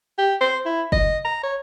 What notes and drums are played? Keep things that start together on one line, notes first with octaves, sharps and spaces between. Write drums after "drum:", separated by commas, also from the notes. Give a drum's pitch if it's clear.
G4
C5
E4
D#5, drum: kick
A#5
C#5